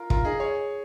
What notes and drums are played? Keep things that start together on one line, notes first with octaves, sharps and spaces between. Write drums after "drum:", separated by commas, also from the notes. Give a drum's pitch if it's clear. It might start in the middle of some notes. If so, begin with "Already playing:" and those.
Already playing: F4 A#4
F4 A#4, drum: kick
D#4 G#4
G#4 C#5